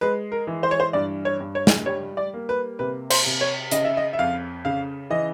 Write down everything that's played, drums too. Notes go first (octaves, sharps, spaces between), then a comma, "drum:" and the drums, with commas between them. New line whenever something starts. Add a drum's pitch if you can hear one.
G#3 B4
A#4
E3
C5
C#5
C5
G2 D5
C#5
G2
C#5
drum: snare
G3 C#5
D5
A#3
B4
C3 B4
C5, drum: cymbal
C3
C#5
C#3 D#5, drum: hi-hat
E5
D#5
E5
F2 F5
C#3 F5
E3 D#5